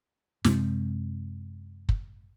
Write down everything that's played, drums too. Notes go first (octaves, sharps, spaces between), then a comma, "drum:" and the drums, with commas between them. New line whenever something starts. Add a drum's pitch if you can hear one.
F#2 C3 G#3 C4, drum: snare
drum: kick